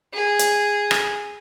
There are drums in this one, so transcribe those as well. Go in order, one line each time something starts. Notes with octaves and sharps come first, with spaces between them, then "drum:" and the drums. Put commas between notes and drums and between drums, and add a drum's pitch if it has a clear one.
G#4
drum: hi-hat
drum: rim click